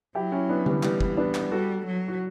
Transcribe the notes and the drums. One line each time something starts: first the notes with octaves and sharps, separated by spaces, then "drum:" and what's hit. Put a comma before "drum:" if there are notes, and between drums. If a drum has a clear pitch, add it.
F#3 E4 G4
C#4 E4
B3 D4
G3 B3, drum: tom D3
E3 G3 B3, drum: clap
drum: kick
B3 D4
drum: clap
G3 F#4 A4
F#3
F#4